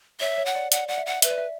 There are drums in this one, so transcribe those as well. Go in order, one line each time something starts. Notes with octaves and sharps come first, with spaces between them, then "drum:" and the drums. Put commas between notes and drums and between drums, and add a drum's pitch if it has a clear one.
C#5 E5
C#5
F#5
D5
D5 F#5, drum: hi-hat
D5 F#5
E5
F#5
B4 E5, drum: hi-hat
D5
E5